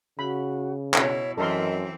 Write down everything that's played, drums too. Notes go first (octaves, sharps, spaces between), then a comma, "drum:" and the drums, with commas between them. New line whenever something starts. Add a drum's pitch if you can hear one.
C#3 F#4 B5
B2 E4 C#5, drum: clap
F#2 E3 C4 A4 A#4 D#5 C6